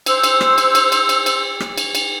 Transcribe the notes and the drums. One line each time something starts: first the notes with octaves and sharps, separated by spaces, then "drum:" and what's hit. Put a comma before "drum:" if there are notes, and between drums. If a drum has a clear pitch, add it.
C5 E6, drum: cymbal
drum: cymbal
drum: rim click
drum: cymbal
drum: cymbal
drum: cymbal
drum: cymbal
drum: cymbal
drum: rim click
drum: cymbal
drum: cymbal